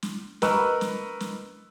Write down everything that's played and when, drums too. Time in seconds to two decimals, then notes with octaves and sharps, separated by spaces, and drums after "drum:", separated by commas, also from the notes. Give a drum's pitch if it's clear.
0.03 drum: snare
0.42 A#4 B4 D#5 C#6 E6 F#6, drum: snare
0.81 drum: snare
1.20 drum: snare